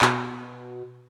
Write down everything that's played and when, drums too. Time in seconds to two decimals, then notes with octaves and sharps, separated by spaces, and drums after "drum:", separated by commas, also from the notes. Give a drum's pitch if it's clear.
0.02 B2, drum: clap